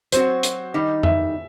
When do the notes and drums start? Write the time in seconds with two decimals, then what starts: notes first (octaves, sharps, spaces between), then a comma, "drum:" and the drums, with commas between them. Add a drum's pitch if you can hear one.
0.12 F#3 C4 F#4 C5, drum: hi-hat
0.43 drum: hi-hat
0.74 D#3 G3 D#4
1.03 E5, drum: tom F2